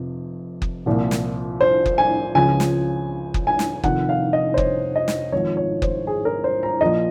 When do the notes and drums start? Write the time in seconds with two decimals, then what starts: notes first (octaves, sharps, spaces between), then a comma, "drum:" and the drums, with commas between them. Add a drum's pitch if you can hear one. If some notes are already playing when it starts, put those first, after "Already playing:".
Already playing: F1 F2 C3 F3
0.62 drum: kick F#1
0.86 C2 A#2 F3
1.11 drum: snare
1.61 C5
1.86 drum: kick F#1
1.98 G#5
2.35 C#2 C#3 F3 G#5
2.60 drum: snare
3.34 drum: kick F#1
3.47 G#5
3.59 drum: snare
3.83 F1 F2 D#3 F#5, drum: kick F#1
4.09 F5
4.33 D#5
4.54 C5
4.58 C#5, drum: kick F#1
4.96 D#5
5.08 drum: snare
5.32 G#1 G#2 F3 C#5
5.57 C#5
5.82 C5, drum: kick F#1
6.07 G#4
6.25 A#4
6.44 C5
6.63 A#5
6.81 A#1 A#2 F3 D#5